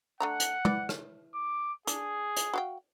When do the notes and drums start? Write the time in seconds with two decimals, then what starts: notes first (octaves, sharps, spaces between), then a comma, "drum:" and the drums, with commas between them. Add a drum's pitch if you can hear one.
0.20 A3 D4 F#5 A#5
0.40 drum: hi-hat
0.65 E3 D5, drum: tom G#3
0.89 drum: rim click
1.34 D6
1.87 D4 G#4, drum: hi-hat
2.37 drum: hi-hat
2.54 F#4 F5 G5